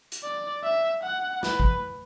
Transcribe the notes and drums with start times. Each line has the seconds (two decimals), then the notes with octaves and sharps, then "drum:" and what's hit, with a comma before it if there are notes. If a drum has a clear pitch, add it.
0.12 drum: hi-hat
0.24 D5
0.63 E5
1.03 F#5
1.43 B4, drum: snare
1.60 drum: kick